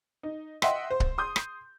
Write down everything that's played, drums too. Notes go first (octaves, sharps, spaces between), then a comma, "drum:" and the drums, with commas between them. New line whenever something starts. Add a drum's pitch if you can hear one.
D#4
D#5 E5 F#5 G5 C6, drum: rim click
C5
drum: kick C#1
C6 D#6 G6
drum: rim click